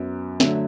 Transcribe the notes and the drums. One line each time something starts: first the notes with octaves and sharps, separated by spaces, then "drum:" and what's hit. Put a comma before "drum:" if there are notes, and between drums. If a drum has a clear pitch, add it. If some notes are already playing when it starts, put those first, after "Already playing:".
Already playing: F#2 F#3 B3
D3 F#3 A3, drum: snare